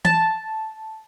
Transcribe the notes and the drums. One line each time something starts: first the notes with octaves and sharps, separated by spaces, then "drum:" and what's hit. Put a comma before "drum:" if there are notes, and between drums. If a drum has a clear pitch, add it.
A5, drum: tom